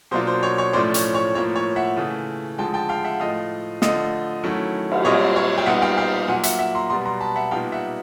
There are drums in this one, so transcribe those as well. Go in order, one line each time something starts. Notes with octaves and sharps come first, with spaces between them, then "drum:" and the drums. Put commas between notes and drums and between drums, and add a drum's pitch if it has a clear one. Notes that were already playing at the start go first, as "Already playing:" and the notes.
B2 F#3 A#3 D4 F4 C5
C5
C#5
C#5
A2 F3 A3 C#4 C5 D5
C#5, drum: hi-hat
C#5
A2 F3 A#3 C#5
C#5
E5 F#5
C#3 E3 A3
D3 F3 G#3 G5 A5
G5 A5
F5 G5
E5 F#5
A2 F3 A3 D#5 F5
D3 F3 A3 D#5 F5, drum: snare
D#3 F#3 A3 C#4 E4
drum: cymbal
A#2 G3 C4 C#5 D#5
C#5
G5
A#2 G3 B3 D#4 E5 F#5
F5 G5
F5 G5
A#2 F#3 A#3 F#5 G#5
E5 F#5, drum: hi-hat
E5 F#5
A#5 C6
B2 G3 B3 A#5 C6
A#5 C6
A5 B5
E5 F#5
A#2 G3 B3 D#4 F5 G5
E5 F#5